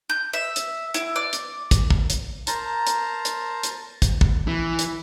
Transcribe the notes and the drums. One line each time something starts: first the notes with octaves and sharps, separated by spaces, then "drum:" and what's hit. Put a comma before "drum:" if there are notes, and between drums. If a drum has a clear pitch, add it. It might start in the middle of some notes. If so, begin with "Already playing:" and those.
G6
E5
drum: hi-hat
E4, drum: hi-hat
D5
drum: hi-hat
drum: kick, hi-hat
drum: kick
drum: hi-hat
A#4 C5 A5 A#5, drum: hi-hat
drum: hi-hat
drum: hi-hat
drum: hi-hat
drum: kick, hi-hat
drum: kick
E3
drum: hi-hat